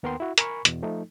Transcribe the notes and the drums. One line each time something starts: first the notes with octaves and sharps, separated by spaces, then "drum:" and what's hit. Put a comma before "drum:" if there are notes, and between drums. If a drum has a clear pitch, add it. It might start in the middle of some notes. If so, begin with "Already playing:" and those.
D#2 B3 A#4 G5 C6
E4 F#4
A#4 G#5 B5 C#6, drum: hi-hat
E2 B2, drum: hi-hat
F3 A3 D#4